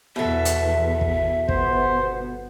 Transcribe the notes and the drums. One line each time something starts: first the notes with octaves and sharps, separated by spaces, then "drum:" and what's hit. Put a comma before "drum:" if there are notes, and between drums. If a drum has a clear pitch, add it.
E2 B2 A4 E5
drum: hi-hat
drum: kick
G1 B3 C5, drum: kick